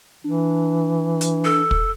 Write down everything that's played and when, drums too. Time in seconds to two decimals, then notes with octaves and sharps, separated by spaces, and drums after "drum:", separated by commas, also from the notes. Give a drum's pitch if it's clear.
0.24 E3 D4
1.21 drum: hi-hat
1.45 A4
1.71 drum: kick